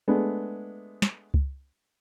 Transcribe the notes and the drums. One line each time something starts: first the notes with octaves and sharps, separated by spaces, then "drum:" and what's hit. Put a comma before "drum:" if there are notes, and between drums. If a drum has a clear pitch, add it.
G#3 A3 B3 D4
drum: snare
drum: kick C#2